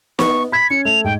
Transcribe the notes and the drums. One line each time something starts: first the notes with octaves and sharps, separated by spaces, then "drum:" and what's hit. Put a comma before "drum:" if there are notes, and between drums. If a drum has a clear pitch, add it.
B3 C#6, drum: snare
B5 G#6 B6
C#4 C#7
A3 F7
G#2 G5